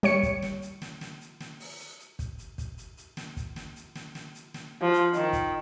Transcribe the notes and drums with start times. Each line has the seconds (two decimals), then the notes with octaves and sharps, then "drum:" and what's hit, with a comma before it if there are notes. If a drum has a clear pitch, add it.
0.03 G3 C#5 C#7, drum: snare
0.23 drum: kick, hi-hat
0.42 drum: snare
0.62 drum: hi-hat
0.82 drum: snare
1.01 drum: snare
1.21 drum: hi-hat
1.40 drum: snare
1.60 drum: open hi-hat
1.80 drum: hi-hat
1.99 drum: hi-hat
2.19 drum: kick, hi-hat
2.38 drum: hi-hat
2.58 drum: kick, hi-hat
2.78 drum: hi-hat
2.97 drum: hi-hat
3.17 drum: snare
3.37 drum: kick, hi-hat
3.56 drum: snare
3.76 drum: hi-hat
3.95 drum: snare
4.15 drum: snare
4.35 drum: hi-hat
4.54 drum: snare
4.81 F3
4.93 drum: hi-hat
5.13 D#3, drum: hi-hat
5.33 drum: kick, hi-hat